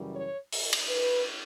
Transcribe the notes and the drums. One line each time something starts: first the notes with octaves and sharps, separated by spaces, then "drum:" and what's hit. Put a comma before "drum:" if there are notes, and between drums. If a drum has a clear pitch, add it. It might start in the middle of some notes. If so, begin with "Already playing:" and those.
Already playing: F#2 C#3 E3 G3
C#5
drum: open hi-hat
drum: cymbal
B4